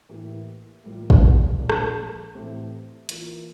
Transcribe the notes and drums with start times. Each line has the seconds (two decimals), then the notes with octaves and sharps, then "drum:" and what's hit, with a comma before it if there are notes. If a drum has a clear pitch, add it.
0.09 A2 E3 A#3 E4 G4
0.84 A2 E3 G3 A#3 F4
1.10 drum: kick
1.59 A#2 F3 A#3 D4
1.69 drum: rim click
2.35 A2 E3 A3 C4 G4
3.09 E3 A#3 F4, drum: hi-hat